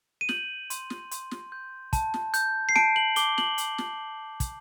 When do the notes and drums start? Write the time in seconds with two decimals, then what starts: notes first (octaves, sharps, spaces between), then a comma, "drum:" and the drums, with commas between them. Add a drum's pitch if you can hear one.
0.21 D#7
0.29 G6 F#7, drum: snare
0.70 C6, drum: hi-hat
0.90 drum: snare
1.11 C6, drum: hi-hat
1.31 drum: snare
1.52 G6
1.93 A5, drum: kick, hi-hat
2.14 drum: snare
2.34 G6, drum: hi-hat
2.69 C7
2.76 A5 D7, drum: snare
2.96 F#7
3.16 D6 G7, drum: hi-hat
3.38 F#7, drum: snare
3.58 drum: hi-hat
3.78 drum: snare
4.40 drum: kick, hi-hat